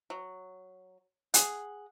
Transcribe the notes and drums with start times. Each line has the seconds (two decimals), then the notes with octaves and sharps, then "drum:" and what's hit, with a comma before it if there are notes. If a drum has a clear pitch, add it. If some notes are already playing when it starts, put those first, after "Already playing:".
0.10 F#3
1.34 G#4 F#5, drum: hi-hat